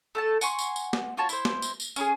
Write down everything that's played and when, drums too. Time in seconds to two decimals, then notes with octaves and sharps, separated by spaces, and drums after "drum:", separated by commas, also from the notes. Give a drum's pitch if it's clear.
0.15 A3 A4 A5
0.41 F#5 G#5 C6 C#6, drum: tambourine
0.59 drum: tambourine
0.76 drum: tambourine
0.93 drum: snare
1.17 F4 F#4 C#5 A5
1.29 E4 C5, drum: tambourine
1.45 drum: snare
1.62 drum: tambourine
1.80 drum: tambourine
1.96 C#4 E4 G#4, drum: tambourine